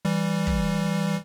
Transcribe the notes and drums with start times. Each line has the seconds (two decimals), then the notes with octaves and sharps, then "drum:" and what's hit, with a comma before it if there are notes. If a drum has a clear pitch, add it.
0.05 E3 G3
0.47 drum: kick